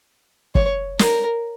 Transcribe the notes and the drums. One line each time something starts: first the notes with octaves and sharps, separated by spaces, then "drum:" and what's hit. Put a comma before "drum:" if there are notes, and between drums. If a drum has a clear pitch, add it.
C#5, drum: kick F#1
A#4, drum: snare